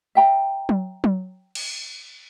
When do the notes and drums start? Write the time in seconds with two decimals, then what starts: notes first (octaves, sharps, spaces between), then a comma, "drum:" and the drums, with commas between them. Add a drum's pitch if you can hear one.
0.15 E5 G5 A#5
0.69 drum: tom F#3
1.04 drum: tom F#3
1.55 drum: cymbal